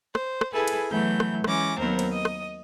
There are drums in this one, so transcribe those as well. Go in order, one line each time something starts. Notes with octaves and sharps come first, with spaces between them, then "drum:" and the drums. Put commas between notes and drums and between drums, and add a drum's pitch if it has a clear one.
C5, drum: rim click
drum: rim click
E4 G#4 A4 B4 G#5
drum: cymbal
E3 F#3 A3 B3 G6
drum: rim click
E3 G#3 C#4 D6 A#6, drum: rim click
D#2 F#3 B3 C4 A#4 C5
drum: cymbal
D#5 D#6
drum: rim click